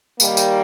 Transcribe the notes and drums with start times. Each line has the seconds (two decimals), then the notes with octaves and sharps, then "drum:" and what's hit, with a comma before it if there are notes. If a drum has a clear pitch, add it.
0.20 D#3 G3 A#3, drum: tambourine
0.37 drum: tambourine